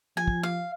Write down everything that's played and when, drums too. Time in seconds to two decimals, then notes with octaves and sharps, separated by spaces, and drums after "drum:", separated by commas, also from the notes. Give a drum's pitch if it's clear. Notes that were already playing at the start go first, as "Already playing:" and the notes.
0.17 F3 G#5
0.28 drum: kick
0.43 F5